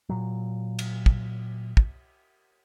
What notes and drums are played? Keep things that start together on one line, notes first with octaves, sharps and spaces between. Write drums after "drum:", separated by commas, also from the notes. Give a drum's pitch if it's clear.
A#2 F#3
drum: cymbal
drum: kick
drum: kick